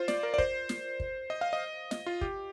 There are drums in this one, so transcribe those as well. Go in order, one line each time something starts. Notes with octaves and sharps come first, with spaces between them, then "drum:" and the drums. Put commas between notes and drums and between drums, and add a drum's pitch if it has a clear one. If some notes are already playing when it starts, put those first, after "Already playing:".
Already playing: F4 C5
D5, drum: snare
A#4
D5
C5, drum: kick
drum: snare
drum: kick
D#5
F5
D#5
D#5, drum: snare
F4
G4, drum: kick